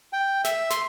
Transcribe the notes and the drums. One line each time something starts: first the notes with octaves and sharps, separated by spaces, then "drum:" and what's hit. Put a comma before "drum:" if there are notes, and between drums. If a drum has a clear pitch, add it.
G5
E5, drum: snare
C6, drum: snare